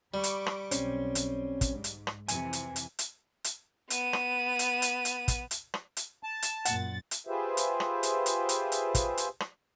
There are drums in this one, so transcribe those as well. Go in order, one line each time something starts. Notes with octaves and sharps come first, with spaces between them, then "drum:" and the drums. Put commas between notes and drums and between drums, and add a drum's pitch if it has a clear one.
G3 B5 C#6 D6
drum: hi-hat
drum: rim click
B1 C4 C#4, drum: hi-hat
drum: hi-hat
drum: kick, hi-hat
G#2
drum: hi-hat
drum: rim click
F2 C3 E3 G#5, drum: hi-hat
drum: hi-hat
drum: hi-hat
drum: hi-hat
drum: hi-hat
B3 D#7, drum: hi-hat
drum: rim click
drum: hi-hat
drum: hi-hat
drum: hi-hat
drum: kick, hi-hat
drum: hi-hat
drum: rim click
drum: hi-hat
A5
drum: hi-hat
F#2 A#2 F#5 A6, drum: hi-hat
drum: hi-hat
F4 G4 G#4 B4 C5 E5
drum: hi-hat
drum: rim click
drum: hi-hat
drum: hi-hat
drum: hi-hat
drum: hi-hat
drum: kick, hi-hat
drum: hi-hat
drum: rim click